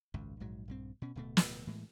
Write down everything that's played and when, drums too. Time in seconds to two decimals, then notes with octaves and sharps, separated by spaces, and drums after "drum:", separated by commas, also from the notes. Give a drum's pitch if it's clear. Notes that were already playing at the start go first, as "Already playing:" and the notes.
0.14 G#1 C#2 F#2
0.40 A#1 G#2 F#3
0.68 A#1 G2 C4
1.02 B2 C#4
1.15 D1 B2 A3
1.37 drum: snare
1.67 A2 E3 G#3